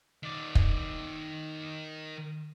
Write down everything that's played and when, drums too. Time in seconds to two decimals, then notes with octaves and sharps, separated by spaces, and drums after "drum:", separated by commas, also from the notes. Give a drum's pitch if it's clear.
0.23 D#3 D5
0.55 drum: kick